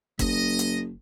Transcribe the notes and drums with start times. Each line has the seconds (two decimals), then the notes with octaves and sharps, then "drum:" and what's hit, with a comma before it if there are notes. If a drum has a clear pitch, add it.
0.19 F#1 D#5, drum: kick, hi-hat
0.59 drum: hi-hat